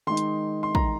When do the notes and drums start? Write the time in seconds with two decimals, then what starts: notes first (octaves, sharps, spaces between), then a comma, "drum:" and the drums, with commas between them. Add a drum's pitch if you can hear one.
0.07 D#3 G#3 D#4 C6
0.17 drum: hi-hat
0.63 C6
0.75 A#5, drum: kick